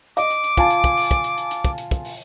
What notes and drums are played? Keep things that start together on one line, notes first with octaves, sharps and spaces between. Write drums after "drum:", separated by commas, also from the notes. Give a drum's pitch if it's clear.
D#5 D6, drum: hi-hat
drum: hi-hat
drum: hi-hat
F4 G#5 A5, drum: kick, hi-hat
drum: hi-hat
drum: kick, hi-hat
drum: open hi-hat
drum: kick, hi-hat
drum: hi-hat
drum: hi-hat
drum: hi-hat
drum: kick, hi-hat
drum: hi-hat
drum: kick, hi-hat
drum: open hi-hat